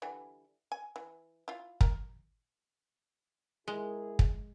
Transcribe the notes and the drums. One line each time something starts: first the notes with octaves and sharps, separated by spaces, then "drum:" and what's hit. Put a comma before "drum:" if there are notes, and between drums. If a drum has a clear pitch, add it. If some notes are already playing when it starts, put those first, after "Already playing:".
D3 E3 G3
G#5
E3
E4 F4
A#4, drum: kick
G#3 E4 G#4 A#4
drum: kick